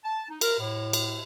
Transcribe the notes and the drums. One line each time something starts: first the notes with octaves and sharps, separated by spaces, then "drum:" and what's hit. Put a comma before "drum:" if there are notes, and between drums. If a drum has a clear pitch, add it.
A5
D#4
A#4, drum: cymbal
A2
drum: cymbal